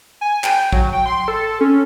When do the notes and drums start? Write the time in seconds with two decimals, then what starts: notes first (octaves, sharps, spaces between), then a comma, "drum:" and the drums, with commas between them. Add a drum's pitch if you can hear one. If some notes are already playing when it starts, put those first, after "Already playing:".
0.21 G#5
0.44 G5, drum: clap
0.73 F#3, drum: kick A#1
0.93 G5
1.06 C6
1.28 A4
1.61 C#4